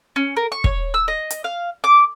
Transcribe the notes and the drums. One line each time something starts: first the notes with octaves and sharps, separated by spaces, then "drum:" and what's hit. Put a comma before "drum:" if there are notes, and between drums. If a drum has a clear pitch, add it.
C#4
A#4
C#6
C#5, drum: kick
E6
D#5
drum: hi-hat
F5
D6